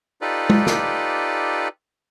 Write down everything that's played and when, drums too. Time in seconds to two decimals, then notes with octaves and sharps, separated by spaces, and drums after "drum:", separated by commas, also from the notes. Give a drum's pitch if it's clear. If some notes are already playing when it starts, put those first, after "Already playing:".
0.21 D#4 F4 G4 A4 B4 D5
0.50 drum: tom
0.67 drum: snare